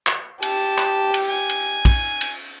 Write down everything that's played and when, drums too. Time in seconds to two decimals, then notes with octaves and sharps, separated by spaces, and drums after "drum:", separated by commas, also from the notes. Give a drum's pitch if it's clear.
0.07 drum: clap
0.42 G4 A5, drum: cymbal
0.78 drum: clap
1.14 drum: cymbal
1.29 G#5
1.49 drum: cymbal
1.85 drum: kick, cymbal
2.21 drum: cymbal